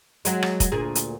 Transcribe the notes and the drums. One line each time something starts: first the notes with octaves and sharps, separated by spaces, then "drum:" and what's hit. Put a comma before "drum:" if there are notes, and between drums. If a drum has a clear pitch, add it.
F#3 G#3, drum: hi-hat
drum: rim click
drum: kick, hi-hat
D2 A#2 G#4
drum: hi-hat